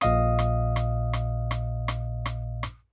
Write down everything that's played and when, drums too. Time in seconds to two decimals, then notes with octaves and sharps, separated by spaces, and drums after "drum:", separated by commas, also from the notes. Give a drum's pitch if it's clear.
0.01 A#1 A#2 D#5 F5 D#6, drum: rim click
0.39 drum: rim click
0.76 drum: rim click
1.13 drum: rim click
1.51 drum: rim click
1.88 drum: rim click
2.26 drum: rim click
2.63 drum: rim click